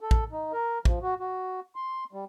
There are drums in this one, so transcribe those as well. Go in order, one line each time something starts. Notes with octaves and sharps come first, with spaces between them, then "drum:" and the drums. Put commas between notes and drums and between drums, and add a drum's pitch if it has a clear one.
A4
drum: kick
D#4
A#4
F3, drum: kick
F#4
F#4
C6
G3